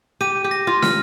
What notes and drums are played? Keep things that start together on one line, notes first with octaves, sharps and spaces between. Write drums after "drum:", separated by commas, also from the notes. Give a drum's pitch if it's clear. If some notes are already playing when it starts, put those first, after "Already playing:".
G4 D#7
G4
A#6
F4
F6, drum: snare